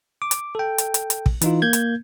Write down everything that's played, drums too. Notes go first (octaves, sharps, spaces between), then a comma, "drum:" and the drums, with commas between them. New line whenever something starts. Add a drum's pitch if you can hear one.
D6
drum: hi-hat
A4 G5
drum: hi-hat
drum: hi-hat
drum: hi-hat
drum: kick
E3 D#4 F4, drum: hi-hat
A#3 G6 G#6
drum: hi-hat